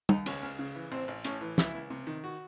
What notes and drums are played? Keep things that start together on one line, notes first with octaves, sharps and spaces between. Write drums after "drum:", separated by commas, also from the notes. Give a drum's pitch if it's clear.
D#2 D#4, drum: tom
C#2 C#4, drum: cymbal
C#2
C#3
E3
A1 C4
A1
A2 C#4, drum: hi-hat
E3
C#2 E4, drum: snare
C#2
C3
D#3
F#4